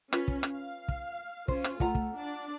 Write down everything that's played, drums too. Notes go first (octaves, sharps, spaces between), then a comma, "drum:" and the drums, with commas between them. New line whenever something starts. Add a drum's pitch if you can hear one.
C#4 F4 B4, drum: rim click
drum: kick
drum: rim click
F5
drum: kick
C#4 F4 C5, drum: kick
drum: rim click
A3 F4 F#5 A#5, drum: kick
drum: kick
D4 D5